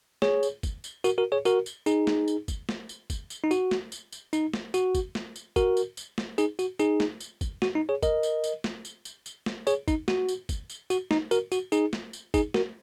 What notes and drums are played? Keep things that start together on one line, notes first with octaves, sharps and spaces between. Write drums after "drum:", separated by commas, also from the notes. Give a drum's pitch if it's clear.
G#4 C#5, drum: snare
drum: tambourine
drum: kick, tambourine
drum: tambourine
F#4 A#4, drum: tambourine
F#4 A#4
G#4 C#5
F#4 A#4, drum: tambourine
drum: tambourine
D#4 G#4, drum: tambourine
drum: snare
drum: tambourine
drum: kick, tambourine
drum: snare
drum: tambourine
drum: kick, tambourine
drum: tambourine
D#4
F#4, drum: tambourine
drum: snare
drum: tambourine
drum: tambourine
D#4, drum: tambourine
drum: snare
F#4, drum: tambourine
drum: kick, tambourine
drum: snare
drum: tambourine
F#4 A#4, drum: kick, tambourine
drum: tambourine
drum: tambourine
drum: snare
D#4 G#4, drum: tambourine
F#4, drum: tambourine
D#4 G#4, drum: tambourine
drum: snare
drum: tambourine
drum: kick, tambourine
F#4, drum: snare
D#4
G#4 C#5
A#4 D#5, drum: kick, tambourine
drum: tambourine
drum: tambourine
drum: snare
drum: tambourine
drum: tambourine
drum: tambourine
drum: snare
G#4 C#5, drum: tambourine
D#4, drum: kick, tambourine
F#4, drum: snare
drum: tambourine
drum: kick, tambourine
drum: tambourine
F#4, drum: tambourine
D#4, drum: snare
F#4 A#4, drum: tambourine
F#4, drum: tambourine
D#4 G#4, drum: tambourine
drum: snare
drum: tambourine
D#4 G#4, drum: kick, tambourine
F#4 A#4, drum: snare